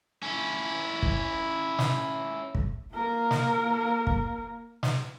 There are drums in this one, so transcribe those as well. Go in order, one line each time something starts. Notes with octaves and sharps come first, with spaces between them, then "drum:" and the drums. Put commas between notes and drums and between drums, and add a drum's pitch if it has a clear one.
C#4 E4
drum: kick
drum: snare
drum: kick
A#3 A#4
drum: snare
drum: kick
drum: snare